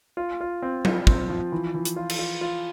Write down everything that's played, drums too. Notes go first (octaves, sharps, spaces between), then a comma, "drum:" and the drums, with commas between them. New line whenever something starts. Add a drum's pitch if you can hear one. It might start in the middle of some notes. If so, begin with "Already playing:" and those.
F4
F4
C4
F3, drum: tom F#3
C4, drum: kick
F3
E3
E3
drum: hi-hat
F4
drum: cymbal
F4
F4